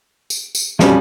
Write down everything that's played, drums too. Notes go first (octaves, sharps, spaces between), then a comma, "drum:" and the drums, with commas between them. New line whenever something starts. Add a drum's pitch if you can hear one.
drum: tambourine
drum: tambourine
F2 B2 G3 C#4, drum: snare